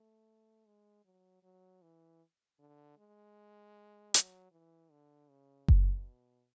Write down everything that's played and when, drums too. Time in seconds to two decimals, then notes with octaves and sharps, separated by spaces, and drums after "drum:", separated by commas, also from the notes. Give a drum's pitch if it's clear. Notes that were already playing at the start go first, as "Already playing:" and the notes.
Already playing: A3
0.66 G#3
1.05 F#3
1.43 F#3
1.82 E3
2.59 D3
2.98 G#3
4.14 F#3, drum: hi-hat
4.52 E3
4.91 D3
5.30 C#3
5.68 B2, drum: kick F#1